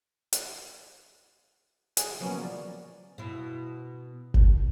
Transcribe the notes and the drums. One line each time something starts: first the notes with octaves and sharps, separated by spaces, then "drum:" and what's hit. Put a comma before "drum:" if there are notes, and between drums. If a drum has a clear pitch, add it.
drum: hi-hat
G#4, drum: hi-hat
F3 F#3 A#3 B3 C#4
D5
B2 E4
drum: kick F#1